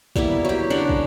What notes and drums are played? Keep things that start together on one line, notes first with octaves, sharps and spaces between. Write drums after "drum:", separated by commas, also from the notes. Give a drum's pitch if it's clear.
G3 A#3 B3 E4, drum: kick
F#3 G4
C#3 D4 A#4 F#5
drum: kick